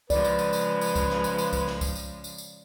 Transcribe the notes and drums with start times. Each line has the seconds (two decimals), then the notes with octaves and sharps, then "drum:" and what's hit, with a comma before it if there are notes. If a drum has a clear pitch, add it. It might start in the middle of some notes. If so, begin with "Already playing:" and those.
0.10 C#3 F3 G#3 B4 D5, drum: kick C2, tambourine
0.24 drum: tambourine
0.39 drum: tambourine
0.53 drum: tambourine
0.81 drum: tambourine
0.96 drum: kick C2, tambourine
1.10 drum: snare
1.24 drum: tambourine
1.38 drum: tambourine
1.53 drum: kick C2, tambourine
1.67 drum: snare
1.81 drum: kick C2, tambourine
1.95 drum: tambourine
2.24 drum: tambourine
2.38 drum: tambourine